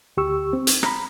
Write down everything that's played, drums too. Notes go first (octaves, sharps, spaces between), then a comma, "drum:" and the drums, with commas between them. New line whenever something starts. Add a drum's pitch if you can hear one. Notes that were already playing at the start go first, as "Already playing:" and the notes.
D2 G4 C#6 E6
C4
drum: hi-hat
A#5 B5, drum: rim click